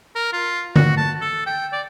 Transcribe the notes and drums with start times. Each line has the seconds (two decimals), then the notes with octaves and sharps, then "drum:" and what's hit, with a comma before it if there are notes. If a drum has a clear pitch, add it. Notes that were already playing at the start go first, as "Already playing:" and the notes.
0.16 A#4
0.33 F4
0.76 F#4, drum: tom D3
0.98 A5
1.21 A4
1.46 G5
1.73 D5